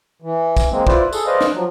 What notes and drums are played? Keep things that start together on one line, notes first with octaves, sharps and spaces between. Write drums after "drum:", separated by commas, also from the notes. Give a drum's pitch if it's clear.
E3
drum: kick, tambourine
G#3 A#3 C4
E4 F4 B4 C5 D5, drum: kick
G#4 A4, drum: tambourine
B4 C5 D5 D#5 F5
drum: snare
F3 F#3